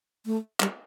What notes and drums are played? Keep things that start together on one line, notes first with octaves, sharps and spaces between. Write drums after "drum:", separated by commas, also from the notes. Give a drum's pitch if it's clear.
A3
G3, drum: clap